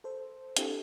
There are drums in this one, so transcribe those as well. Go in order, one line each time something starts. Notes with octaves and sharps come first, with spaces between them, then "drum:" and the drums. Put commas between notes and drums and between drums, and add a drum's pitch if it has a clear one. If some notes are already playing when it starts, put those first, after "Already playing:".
A4 C5
C4 D4 E4 G4 A4, drum: hi-hat